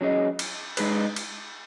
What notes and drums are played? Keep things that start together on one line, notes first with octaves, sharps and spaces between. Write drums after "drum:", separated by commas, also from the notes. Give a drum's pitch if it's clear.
F#3 C#4 G#4 D#5
drum: cymbal
G#3 D#4 G#4 B4, drum: cymbal
drum: cymbal